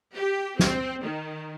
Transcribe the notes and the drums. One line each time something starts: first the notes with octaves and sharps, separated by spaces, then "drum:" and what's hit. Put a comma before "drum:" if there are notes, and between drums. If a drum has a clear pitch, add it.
G4
C4, drum: snare
D#3